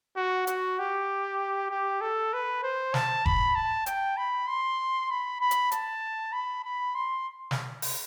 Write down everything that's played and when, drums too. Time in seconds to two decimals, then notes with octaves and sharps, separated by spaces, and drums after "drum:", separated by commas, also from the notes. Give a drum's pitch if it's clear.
0.17 F#4
0.47 F#4, drum: hi-hat
0.79 G4
1.70 G4
2.01 A4
2.33 B4
2.63 C5
2.94 A5, drum: snare
3.26 B5, drum: kick F1
3.55 A5
3.86 G5, drum: hi-hat
4.17 B5
4.48 C6
5.10 B5
5.41 B5
5.51 drum: hi-hat
5.72 A5, drum: hi-hat
6.33 B5
6.64 B5
6.95 C6
7.51 drum: snare
7.82 drum: open hi-hat